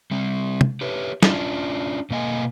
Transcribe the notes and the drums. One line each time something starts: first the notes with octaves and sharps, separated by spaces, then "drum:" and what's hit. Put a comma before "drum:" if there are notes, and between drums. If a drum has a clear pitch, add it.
G3 C4
drum: tom
G4 B4 C#5
C#4 D4 F4, drum: snare
B2 A#3 D#5 G#5